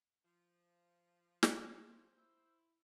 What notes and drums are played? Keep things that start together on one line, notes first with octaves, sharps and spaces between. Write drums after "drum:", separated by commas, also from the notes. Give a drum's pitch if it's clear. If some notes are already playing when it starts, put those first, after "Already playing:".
F3
drum: snare
A#3 E4 C5
E4 E6